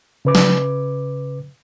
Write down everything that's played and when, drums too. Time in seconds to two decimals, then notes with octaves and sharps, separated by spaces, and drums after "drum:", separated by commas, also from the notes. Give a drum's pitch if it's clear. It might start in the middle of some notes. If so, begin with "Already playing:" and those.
0.25 C#3 B4 D6
0.35 drum: snare